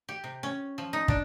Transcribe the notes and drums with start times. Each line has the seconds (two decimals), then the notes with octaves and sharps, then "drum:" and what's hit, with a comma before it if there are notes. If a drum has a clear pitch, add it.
0.09 G4
0.24 C3
0.43 C#4
0.78 F3
0.93 D#4
1.08 D4, drum: kick